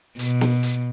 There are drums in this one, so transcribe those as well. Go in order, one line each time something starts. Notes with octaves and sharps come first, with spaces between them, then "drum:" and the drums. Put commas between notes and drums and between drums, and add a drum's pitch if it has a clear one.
B2, drum: hi-hat
drum: snare
drum: hi-hat